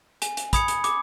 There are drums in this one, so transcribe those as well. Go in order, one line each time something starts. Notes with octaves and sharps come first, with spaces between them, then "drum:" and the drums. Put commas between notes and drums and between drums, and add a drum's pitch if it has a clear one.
G#5, drum: hi-hat
drum: hi-hat
B5 D#6 G#6 C#7, drum: kick, hi-hat
drum: hi-hat
D6, drum: hi-hat